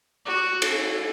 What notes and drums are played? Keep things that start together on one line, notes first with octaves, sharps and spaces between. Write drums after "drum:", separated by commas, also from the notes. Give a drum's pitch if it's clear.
F#4
A4, drum: cymbal